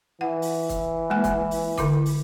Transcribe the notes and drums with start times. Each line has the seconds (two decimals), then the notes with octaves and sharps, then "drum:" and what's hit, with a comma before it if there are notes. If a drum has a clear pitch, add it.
0.21 E3 F#5
0.42 drum: open hi-hat
0.69 drum: kick, hi-hat
1.10 G#3 A#3 G#5
1.24 drum: kick, hi-hat
1.51 drum: open hi-hat
1.78 D3 E4 D6, drum: kick, hi-hat
2.06 drum: open hi-hat